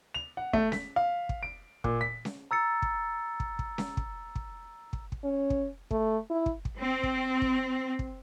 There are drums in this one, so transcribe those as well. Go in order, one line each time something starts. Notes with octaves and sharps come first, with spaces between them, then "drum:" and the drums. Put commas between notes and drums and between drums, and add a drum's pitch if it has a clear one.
F7
F#5
A3, drum: kick
B6, drum: snare C#4
F5
drum: kick
D7
A#2, drum: kick
B6
drum: snare C#4
A#5 E6 A6 C#7
drum: kick
drum: kick
drum: kick
drum: snare C#4
drum: kick
drum: kick
drum: kick
drum: kick
C#4
drum: kick
A3, drum: kick
E4
drum: kick
drum: kick
C4
drum: kick
drum: kick
drum: kick